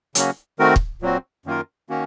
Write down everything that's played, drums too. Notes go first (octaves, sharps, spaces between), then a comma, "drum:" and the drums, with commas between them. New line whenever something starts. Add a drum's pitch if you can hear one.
C#3 F#3 A#3 C#4 F#4, drum: hi-hat
D#3 A3 C4 F#4 A#4
drum: kick
A#2 F#3 C4 F#4
F#2 D#3 A#3 F4 A#4
D#3 A#3 C#4 F#4